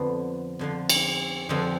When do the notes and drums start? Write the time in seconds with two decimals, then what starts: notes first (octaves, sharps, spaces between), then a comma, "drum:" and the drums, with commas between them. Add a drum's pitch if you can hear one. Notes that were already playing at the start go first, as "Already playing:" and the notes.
Already playing: F2 D3 F3 B3
0.59 F2 D3 F3
0.89 drum: cymbal
1.49 F2 D3 F3 C4